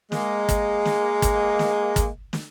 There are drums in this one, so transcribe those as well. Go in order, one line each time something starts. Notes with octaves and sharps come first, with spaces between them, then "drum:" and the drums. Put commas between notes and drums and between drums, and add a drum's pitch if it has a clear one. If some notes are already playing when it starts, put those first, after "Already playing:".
G#3 A#3, drum: snare
drum: kick, hi-hat
drum: snare
drum: kick, hi-hat
drum: snare
drum: kick, hi-hat
drum: snare